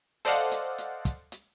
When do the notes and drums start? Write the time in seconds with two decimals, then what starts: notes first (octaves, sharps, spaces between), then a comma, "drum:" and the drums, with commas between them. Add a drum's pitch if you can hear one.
0.25 A4 C5 D5 D#5 F5 F#5, drum: hi-hat
0.52 drum: hi-hat
0.78 drum: hi-hat
1.05 drum: kick, hi-hat
1.32 drum: hi-hat